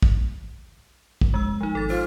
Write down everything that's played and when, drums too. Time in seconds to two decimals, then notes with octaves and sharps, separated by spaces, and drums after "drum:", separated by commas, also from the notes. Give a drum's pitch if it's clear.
0.02 drum: kick
1.21 F1, drum: kick
1.34 G#3 E6
1.61 F3 D#4
1.75 G#1 A4 A6
1.90 F4 C5